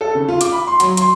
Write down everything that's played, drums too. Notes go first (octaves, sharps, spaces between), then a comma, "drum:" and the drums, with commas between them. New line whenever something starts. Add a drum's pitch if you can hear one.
A4
C#3
F4
D6, drum: hi-hat
B5
C6
F#3, drum: hi-hat
C6, drum: hi-hat